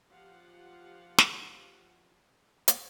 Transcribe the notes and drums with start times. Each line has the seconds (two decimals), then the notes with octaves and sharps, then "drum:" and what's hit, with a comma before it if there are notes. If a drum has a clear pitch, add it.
0.11 F3 F4 G4 F5 F#5
1.18 drum: snare
2.68 drum: hi-hat